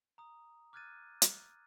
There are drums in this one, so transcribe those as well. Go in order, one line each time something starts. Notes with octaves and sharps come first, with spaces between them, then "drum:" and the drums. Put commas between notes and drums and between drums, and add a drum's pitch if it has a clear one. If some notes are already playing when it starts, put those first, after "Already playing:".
A#5 D#6
D6 F6 F#6 G#6 A6 D#7
drum: hi-hat